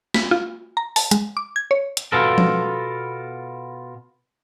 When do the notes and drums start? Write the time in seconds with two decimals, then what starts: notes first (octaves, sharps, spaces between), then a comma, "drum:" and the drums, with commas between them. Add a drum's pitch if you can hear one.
0.14 B6, drum: snare
0.31 F4
0.77 A#5
0.96 A5, drum: open hi-hat
1.11 G#3, drum: hi-hat
1.37 D6
1.56 G#6
1.71 C#5
1.97 drum: hi-hat
2.12 B2 B3 F4 A4 A#4
2.38 drum: tom F3